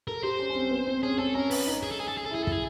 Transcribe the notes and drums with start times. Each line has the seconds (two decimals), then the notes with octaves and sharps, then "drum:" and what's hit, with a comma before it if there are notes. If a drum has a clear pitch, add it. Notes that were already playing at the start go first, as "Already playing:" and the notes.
0.08 A4 A#4
0.23 G4 C5
0.39 C#4
0.50 C#4
0.55 C4
0.71 B3
0.87 C4
1.03 C#4 G#4
1.18 C#4 A4
1.35 C#4 A#4
1.51 B4, drum: open hi-hat
1.66 D#4
1.83 G#4
1.91 A4
2.00 G#4
2.09 A4
2.18 G#4
2.26 A4
2.31 E4
2.35 G#4
2.43 A4
2.47 E4, drum: kick
2.52 G#4